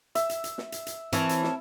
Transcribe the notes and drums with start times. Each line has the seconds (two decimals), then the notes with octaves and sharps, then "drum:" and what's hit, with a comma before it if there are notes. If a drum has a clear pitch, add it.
0.15 E5, drum: hi-hat
0.29 drum: hi-hat
0.44 drum: hi-hat
0.58 drum: snare
0.72 drum: hi-hat
0.87 drum: hi-hat
1.13 E3 C4 A#4 C#5 A5, drum: hi-hat
1.29 drum: hi-hat
1.44 drum: snare